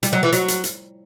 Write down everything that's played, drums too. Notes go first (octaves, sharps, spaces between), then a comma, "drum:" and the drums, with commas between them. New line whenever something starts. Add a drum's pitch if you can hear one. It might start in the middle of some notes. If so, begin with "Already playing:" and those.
G3, drum: hi-hat
F#3
E3
F#3, drum: hi-hat
drum: hi-hat
drum: hi-hat